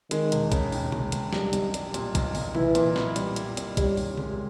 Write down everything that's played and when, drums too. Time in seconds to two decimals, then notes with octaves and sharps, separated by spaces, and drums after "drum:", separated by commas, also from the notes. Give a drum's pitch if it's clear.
0.11 D#3 G#3, drum: hi-hat
0.32 E1, drum: hi-hat
0.52 C#3, drum: kick, hi-hat
0.72 D#2, drum: open hi-hat
0.92 G#3, drum: tom C3
1.12 E1, drum: hi-hat
1.33 B1 G3, drum: snare
1.53 B1, drum: hi-hat
1.74 G3, drum: hi-hat
1.94 A#2, drum: hi-hat
2.15 B1, drum: kick, hi-hat
2.35 B1, drum: open hi-hat
2.55 E3 E4, drum: tom C3
2.75 A#2, drum: hi-hat
2.96 B3, drum: snare
3.16 G3, drum: hi-hat
3.36 E4, drum: hi-hat
3.57 A#2, drum: hi-hat
3.77 G3 C#4, drum: kick, hi-hat
3.97 D#2, drum: open hi-hat
4.18 G#3, drum: tom C#3